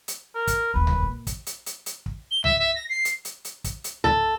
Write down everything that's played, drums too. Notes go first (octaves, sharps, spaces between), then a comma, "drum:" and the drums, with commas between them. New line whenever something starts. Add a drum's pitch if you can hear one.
drum: hi-hat
A#4
drum: kick, hi-hat
E1 D#2 B4
drum: tom C#2
A#2
drum: kick, hi-hat
drum: hi-hat
drum: hi-hat
drum: hi-hat
drum: kick
G7
E5, drum: tom C#2
E5
A#6
C7
drum: hi-hat
drum: hi-hat
drum: hi-hat
drum: kick, hi-hat
drum: hi-hat
A4, drum: tom C#2